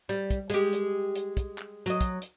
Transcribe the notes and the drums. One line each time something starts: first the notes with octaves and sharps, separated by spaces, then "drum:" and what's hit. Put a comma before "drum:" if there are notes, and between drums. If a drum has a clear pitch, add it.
G3, drum: hi-hat
drum: kick, hi-hat
G#3 G4, drum: hi-hat
drum: hi-hat
drum: hi-hat
drum: kick, hi-hat
drum: clap
F#3 D#5
drum: kick, hi-hat
drum: hi-hat